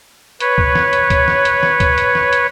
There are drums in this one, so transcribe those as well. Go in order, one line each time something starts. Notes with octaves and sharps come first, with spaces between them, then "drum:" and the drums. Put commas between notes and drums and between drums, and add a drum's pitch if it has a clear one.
B4 C#5, drum: hi-hat
drum: kick
drum: snare
drum: hi-hat
drum: kick, hi-hat
drum: snare
drum: hi-hat
drum: snare
drum: kick, hi-hat
drum: hi-hat
drum: snare
drum: hi-hat